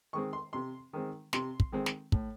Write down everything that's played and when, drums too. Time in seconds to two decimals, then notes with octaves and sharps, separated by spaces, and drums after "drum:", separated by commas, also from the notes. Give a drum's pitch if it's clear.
0.13 D#3 G#3 C4 C#6
0.33 C6
0.53 C3 C6
0.93 D#3 G#3 C4
1.33 C3 C6, drum: snare
1.60 drum: kick
1.72 D#3 G#3 C4
1.86 drum: snare
2.12 A2, drum: kick